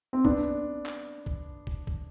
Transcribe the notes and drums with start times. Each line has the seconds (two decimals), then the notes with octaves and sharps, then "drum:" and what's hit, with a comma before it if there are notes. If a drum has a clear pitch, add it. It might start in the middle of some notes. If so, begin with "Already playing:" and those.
0.13 C4
0.25 B3 D4, drum: kick
0.86 drum: clap
1.26 drum: kick
1.67 drum: kick
1.87 drum: kick